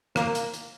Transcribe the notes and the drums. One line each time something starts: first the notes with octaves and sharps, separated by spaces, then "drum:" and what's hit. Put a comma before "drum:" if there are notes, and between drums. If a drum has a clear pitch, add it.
A#3, drum: rim click
drum: hi-hat
drum: hi-hat